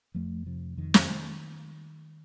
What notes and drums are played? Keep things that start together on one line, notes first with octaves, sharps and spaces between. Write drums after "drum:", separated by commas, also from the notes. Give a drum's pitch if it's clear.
F2 F3 A3
C3 F3
F2 D#3
drum: snare